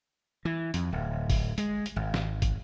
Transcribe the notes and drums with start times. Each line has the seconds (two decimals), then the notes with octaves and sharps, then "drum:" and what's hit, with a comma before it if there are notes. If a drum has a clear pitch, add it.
0.45 E3
0.74 F2, drum: hi-hat
0.93 D1
1.30 drum: kick, open hi-hat
1.58 G#3, drum: hi-hat
1.86 drum: hi-hat
1.96 G#1
2.14 drum: snare
2.42 drum: kick, hi-hat